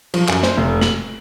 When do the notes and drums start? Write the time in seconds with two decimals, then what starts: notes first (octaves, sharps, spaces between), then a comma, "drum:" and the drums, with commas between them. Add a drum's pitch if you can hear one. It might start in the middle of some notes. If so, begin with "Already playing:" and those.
0.14 F3, drum: cymbal
0.29 F#2, drum: clap
0.43 C5, drum: snare
0.57 F1
0.81 F#7, drum: snare